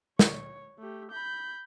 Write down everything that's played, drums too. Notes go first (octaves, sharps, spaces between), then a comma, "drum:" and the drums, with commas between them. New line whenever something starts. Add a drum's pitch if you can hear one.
C#5, drum: snare
A3 G4
B5 G6